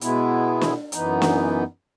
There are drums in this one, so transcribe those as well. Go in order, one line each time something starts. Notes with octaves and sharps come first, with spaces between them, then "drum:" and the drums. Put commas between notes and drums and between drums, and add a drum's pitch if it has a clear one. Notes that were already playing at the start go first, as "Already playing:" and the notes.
B2 G#3 B3 E4, drum: hi-hat
drum: snare
F#2 E3 B3 D#4, drum: hi-hat
drum: snare